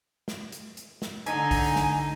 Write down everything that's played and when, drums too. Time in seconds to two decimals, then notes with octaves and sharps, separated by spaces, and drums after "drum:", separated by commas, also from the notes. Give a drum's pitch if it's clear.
0.28 drum: snare
0.52 drum: hi-hat
0.77 drum: hi-hat
1.02 drum: snare
1.26 D3 D#4 G#5, drum: hi-hat
1.51 drum: kick A#1, open hi-hat
1.76 drum: snare